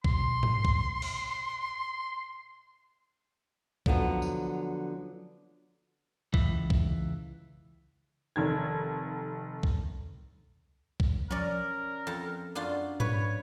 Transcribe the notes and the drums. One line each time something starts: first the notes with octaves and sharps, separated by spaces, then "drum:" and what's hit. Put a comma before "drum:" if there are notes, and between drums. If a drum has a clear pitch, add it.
A#1 B2 C6, drum: kick
drum: tom G#2
drum: kick
drum: cymbal
D3 F3 F#3 B3, drum: kick
drum: tambourine
C#2 E3, drum: kick
drum: kick
F1 D#3 G#6
drum: kick
drum: kick
C#4 A#4 D5, drum: tom F3
F2 A5
F#2 D4 F4
B4 C#5, drum: tom G#2